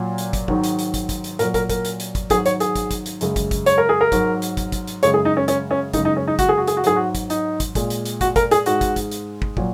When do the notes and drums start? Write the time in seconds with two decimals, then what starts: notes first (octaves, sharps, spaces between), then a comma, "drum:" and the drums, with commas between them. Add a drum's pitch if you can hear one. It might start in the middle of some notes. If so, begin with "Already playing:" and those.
Already playing: A#2 F#3
0.18 drum: hi-hat
0.33 drum: kick, hi-hat
0.48 G#2 D#3 F#3, drum: kick
0.64 drum: hi-hat
0.79 drum: hi-hat
0.94 drum: kick, hi-hat
1.09 drum: kick, hi-hat
1.24 drum: hi-hat
1.39 A#2 F#3 A#4, drum: hi-hat
1.54 A#4, drum: kick, hi-hat
1.70 A#4, drum: kick, hi-hat
1.85 drum: hi-hat
2.00 drum: hi-hat
2.15 drum: kick, hi-hat
2.30 G#2 D#3 F#3 G#4, drum: kick, hi-hat
2.46 C#5, drum: hi-hat
2.60 G#4, drum: hi-hat
2.76 drum: kick, hi-hat
2.91 drum: kick, hi-hat
3.06 drum: hi-hat
3.21 F#2 C#3 G#3, drum: hi-hat
3.36 drum: kick, hi-hat
3.51 drum: kick, hi-hat
3.66 C#5, drum: hi-hat
3.78 A#4
3.89 G#4
4.01 A#4
4.12 G#2 F#3, drum: kick, hi-hat
4.42 drum: hi-hat
4.57 drum: kick, hi-hat
4.72 drum: kick, hi-hat
4.88 drum: hi-hat
5.03 F#2 C#3 G#3 C#5, drum: hi-hat
5.14 G#4
5.25 D#4
5.37 C#4
5.48 C#4, drum: hi-hat
5.71 C#4
5.94 F#2 C#3 G#3 D#4, drum: kick, hi-hat
6.05 D#4
6.16 C#4
6.27 D#4
6.39 F#4, drum: kick, hi-hat
6.49 G#4
6.58 F#4
6.67 G#4, drum: hi-hat
6.77 F#4
6.84 G#2 F#3 G#4, drum: hi-hat
6.96 F#4
7.15 drum: kick, hi-hat
7.30 D#4, drum: hi-hat
7.60 drum: kick, hi-hat
7.75 A#2 G#3, drum: kick, hi-hat
7.90 drum: hi-hat
8.05 drum: hi-hat
8.21 F#4, drum: kick, hi-hat
8.36 A#4, drum: kick, hi-hat
8.51 G#4, drum: hi-hat
8.66 G#2 G#3 F#4, drum: hi-hat
8.81 drum: kick, hi-hat
8.96 drum: kick, hi-hat
9.11 drum: hi-hat
9.42 drum: kick
9.57 A#2 F#3, drum: kick